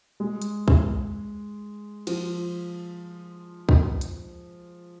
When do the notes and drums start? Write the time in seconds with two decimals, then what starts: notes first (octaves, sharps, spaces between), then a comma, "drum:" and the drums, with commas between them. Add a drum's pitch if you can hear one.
0.20 G#3
0.42 drum: hi-hat
0.68 drum: kick
2.07 F3, drum: cymbal
3.69 drum: kick
4.01 drum: hi-hat